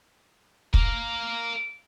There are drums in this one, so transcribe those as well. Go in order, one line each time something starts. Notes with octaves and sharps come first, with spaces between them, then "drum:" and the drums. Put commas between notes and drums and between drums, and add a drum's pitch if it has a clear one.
A#4 F5, drum: kick